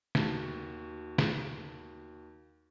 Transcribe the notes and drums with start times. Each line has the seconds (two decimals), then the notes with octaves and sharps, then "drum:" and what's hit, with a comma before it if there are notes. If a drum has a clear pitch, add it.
0.15 D#2 F#4 A5, drum: snare
1.18 drum: snare